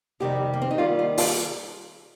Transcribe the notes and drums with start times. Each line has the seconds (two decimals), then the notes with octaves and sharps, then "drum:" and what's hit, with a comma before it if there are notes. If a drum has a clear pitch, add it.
0.20 F2 C3 D#3 G3 G4
0.53 A#3
0.62 C4
0.71 D#4
0.78 D#2 D#3 G3 F4
0.99 F4
1.18 F4, drum: open hi-hat